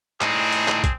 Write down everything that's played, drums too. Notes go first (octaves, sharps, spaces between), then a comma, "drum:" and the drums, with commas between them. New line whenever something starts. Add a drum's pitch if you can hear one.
A2 C4 D4 D#4 G#4, drum: clap
drum: hi-hat
drum: clap
drum: kick, hi-hat